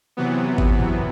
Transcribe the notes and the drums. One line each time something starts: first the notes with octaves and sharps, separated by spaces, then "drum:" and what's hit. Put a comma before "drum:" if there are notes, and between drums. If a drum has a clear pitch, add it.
C3 E3 F#3 B3
drum: kick
drum: tom